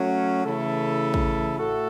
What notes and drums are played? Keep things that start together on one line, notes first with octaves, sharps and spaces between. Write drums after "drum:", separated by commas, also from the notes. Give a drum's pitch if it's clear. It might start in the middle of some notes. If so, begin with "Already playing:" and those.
Already playing: F#3 A3 C#4
C#3 E3 A3 E4 A4
drum: kick
A2 A3 F#4 A4